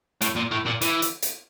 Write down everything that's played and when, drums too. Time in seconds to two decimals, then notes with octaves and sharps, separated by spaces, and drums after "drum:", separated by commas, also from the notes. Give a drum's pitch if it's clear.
0.22 A2, drum: hi-hat
0.36 A#2
0.51 A2
0.66 A#2
0.81 E3, drum: hi-hat
1.02 drum: hi-hat
1.22 drum: hi-hat